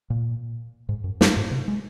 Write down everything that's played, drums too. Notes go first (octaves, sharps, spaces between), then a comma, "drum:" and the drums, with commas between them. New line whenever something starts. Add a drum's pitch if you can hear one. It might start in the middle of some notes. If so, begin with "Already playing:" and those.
A#2
G#2
F#2
F#2, drum: snare
G#2
C3
G#3